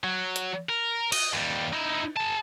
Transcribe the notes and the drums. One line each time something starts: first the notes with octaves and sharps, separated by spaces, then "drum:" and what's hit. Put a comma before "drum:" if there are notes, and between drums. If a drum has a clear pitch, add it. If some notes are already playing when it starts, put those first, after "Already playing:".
F#3
drum: hi-hat
A#4
D#5, drum: cymbal
D#2 G3
D#4 E4
G#4 A5